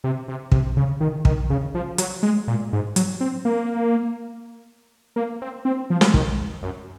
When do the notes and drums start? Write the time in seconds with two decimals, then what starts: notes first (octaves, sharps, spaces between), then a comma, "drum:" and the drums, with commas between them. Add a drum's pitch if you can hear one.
0.04 C3
0.28 C3
0.52 C3, drum: kick
0.77 C#3
1.00 D#3
1.25 D#3, drum: kick
1.50 C#3
1.75 F3
1.98 F#3, drum: hi-hat
2.23 G#3
2.48 A#2
2.73 G#2
2.96 F#3, drum: hi-hat
3.21 C4
3.45 A#3
5.16 A#3
5.42 C4
5.65 C4
5.90 F3
6.01 drum: snare
6.14 D#3, drum: kick
6.63 F#2